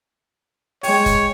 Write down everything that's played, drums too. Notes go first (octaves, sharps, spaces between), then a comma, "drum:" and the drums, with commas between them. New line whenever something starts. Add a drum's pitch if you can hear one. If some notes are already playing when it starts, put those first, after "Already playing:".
G#3 C#5 G5, drum: open hi-hat
drum: kick, hi-hat